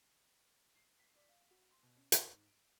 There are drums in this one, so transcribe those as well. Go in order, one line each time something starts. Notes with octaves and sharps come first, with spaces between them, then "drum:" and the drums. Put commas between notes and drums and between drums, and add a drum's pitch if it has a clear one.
C7
B6
D5
F5
F#4
C6
B2
C#4
D#2, drum: hi-hat
G#2
D7